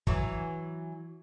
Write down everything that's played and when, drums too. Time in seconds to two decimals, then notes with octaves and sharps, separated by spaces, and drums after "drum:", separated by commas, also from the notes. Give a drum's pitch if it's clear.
0.07 E3 F#3, drum: kick